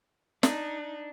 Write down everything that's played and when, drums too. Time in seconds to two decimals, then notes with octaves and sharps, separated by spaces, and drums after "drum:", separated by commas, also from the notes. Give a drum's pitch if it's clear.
0.43 D4 D#4, drum: snare